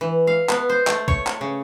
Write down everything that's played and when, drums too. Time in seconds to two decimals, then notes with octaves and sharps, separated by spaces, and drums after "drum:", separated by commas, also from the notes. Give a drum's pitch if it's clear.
0.01 E3
0.27 F5
0.49 B3, drum: clap
0.69 C5
0.87 A3, drum: clap
1.08 C#5, drum: kick
1.27 drum: clap
1.41 C#3